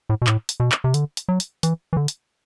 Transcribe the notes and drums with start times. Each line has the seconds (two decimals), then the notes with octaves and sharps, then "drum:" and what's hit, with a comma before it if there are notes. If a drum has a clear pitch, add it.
0.09 A2
0.22 B2
0.27 A2, drum: clap
0.49 drum: hi-hat
0.60 B2
0.72 drum: clap
0.84 C3
0.94 D3, drum: hi-hat
1.17 drum: hi-hat
1.29 F#3
1.40 drum: hi-hat
1.63 E3, drum: hi-hat
1.93 E3
1.97 D3
2.08 drum: hi-hat